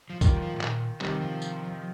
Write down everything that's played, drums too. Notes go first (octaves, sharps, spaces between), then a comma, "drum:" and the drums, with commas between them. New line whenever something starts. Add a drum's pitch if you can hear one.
F3
D#3 G3 A#3 F4, drum: kick B1, tambourine
F3
G#2
A#2, drum: clap
C3 D#3 G3 A#3 D#4, drum: clap
F3
drum: tambourine